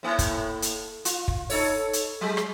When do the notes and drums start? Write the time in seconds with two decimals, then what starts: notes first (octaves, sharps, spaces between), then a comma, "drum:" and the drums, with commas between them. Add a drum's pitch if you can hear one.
0.03 A2 A#3 E4
0.19 drum: kick, hi-hat
0.62 drum: hi-hat
1.05 F4, drum: hi-hat
1.28 drum: kick
1.50 D#4 A4 C#5, drum: open hi-hat
1.93 drum: hi-hat
2.21 F#3 G#3
2.37 drum: rim click